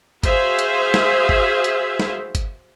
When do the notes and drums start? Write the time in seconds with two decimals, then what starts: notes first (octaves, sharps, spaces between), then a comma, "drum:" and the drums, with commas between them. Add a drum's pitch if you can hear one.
0.23 F#4 G#4 C5 E5 F5, drum: kick, hi-hat
0.59 drum: hi-hat
0.94 drum: snare
1.29 drum: kick
1.64 drum: hi-hat
2.00 drum: snare
2.35 drum: kick, hi-hat